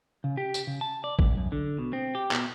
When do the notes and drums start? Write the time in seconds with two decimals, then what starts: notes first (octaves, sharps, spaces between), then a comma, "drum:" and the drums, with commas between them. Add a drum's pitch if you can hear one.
0.24 C#3
0.37 G4
0.54 drum: tambourine
0.67 C#3
0.81 A5
1.04 D5
1.19 C2, drum: kick A#1
1.37 F#2
1.52 D3
1.79 B2
1.93 C4
2.15 G4
2.31 B2, drum: clap